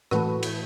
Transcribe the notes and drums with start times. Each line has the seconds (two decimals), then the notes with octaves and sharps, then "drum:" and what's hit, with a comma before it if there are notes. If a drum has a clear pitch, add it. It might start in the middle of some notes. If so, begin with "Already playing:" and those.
0.11 A2 E3 A3 F#4 B4, drum: rim click
0.43 drum: cymbal